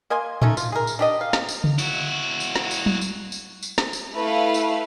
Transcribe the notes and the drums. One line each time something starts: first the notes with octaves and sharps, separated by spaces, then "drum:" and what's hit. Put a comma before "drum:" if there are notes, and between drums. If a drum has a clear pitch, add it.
A#3 D#5 G#5 C6
A3 C#4 D#4, drum: tom A2
F4, drum: tambourine
G#4 A#4
drum: tambourine
D4 G4 D#5
F5
drum: snare
drum: tambourine
drum: tom C#3
E4 F#4, drum: tambourine
drum: tambourine
drum: snare
drum: tambourine
drum: tom F#3
drum: tambourine
drum: tambourine
drum: tambourine
drum: snare
drum: tambourine
A3 E4 B4 F5
drum: tambourine